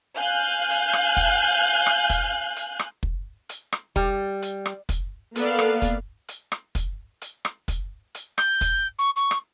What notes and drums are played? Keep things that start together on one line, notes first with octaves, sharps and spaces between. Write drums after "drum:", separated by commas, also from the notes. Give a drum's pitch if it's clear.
F5 G#5 F#6 G6
drum: hi-hat
drum: rim click
drum: kick, hi-hat
drum: rim click
drum: kick, hi-hat
drum: hi-hat
drum: rim click
drum: kick
drum: hi-hat
drum: rim click
G3, drum: kick
drum: hi-hat
drum: rim click
drum: kick, hi-hat
A#3 B3 A4 D5 F5, drum: hi-hat
drum: rim click
drum: kick, hi-hat
drum: hi-hat
drum: rim click
drum: kick, hi-hat
drum: hi-hat
drum: rim click
drum: kick, hi-hat
drum: hi-hat
G6, drum: rim click
drum: kick, hi-hat
C#6
C#6
drum: rim click